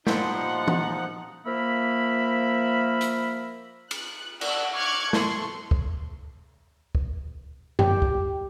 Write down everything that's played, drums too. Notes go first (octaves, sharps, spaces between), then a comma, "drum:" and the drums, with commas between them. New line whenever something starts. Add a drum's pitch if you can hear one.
A#2 F3 G3 D4 D#4 F#5 C6, drum: snare
drum: tom E3
F3 A#3 A#4 E5 B5
drum: hi-hat
F#6, drum: cymbal
D5 F#5 A5 E6 F#6, drum: cymbal
C#6 D6 F6 F#6 G#6 C#7
A4 C6 C#6, drum: snare
drum: kick
drum: kick
G4, drum: tom F#2
drum: kick